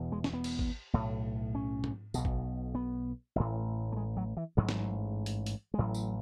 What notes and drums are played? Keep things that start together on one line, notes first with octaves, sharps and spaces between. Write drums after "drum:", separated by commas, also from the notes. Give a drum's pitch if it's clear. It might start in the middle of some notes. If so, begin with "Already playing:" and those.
Already playing: E1 E2 B2
G#3
C#4, drum: snare
B3
drum: cymbal
drum: kick G#1
B1 A2
C#4
drum: tom G#2
B1 B2, drum: tambourine
drum: kick G#1
B3
A1 A2
A3
G#3
F#3
E3
A1 G#2 F#3
drum: snare
drum: hi-hat
drum: hi-hat
G#3
A1 A2 F#3
drum: tambourine